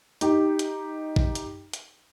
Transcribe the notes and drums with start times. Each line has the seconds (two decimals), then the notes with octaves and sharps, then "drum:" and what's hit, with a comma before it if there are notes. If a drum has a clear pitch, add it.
0.21 D#4 G4, drum: hi-hat
0.59 drum: hi-hat
1.16 drum: kick
1.35 drum: hi-hat
1.73 drum: hi-hat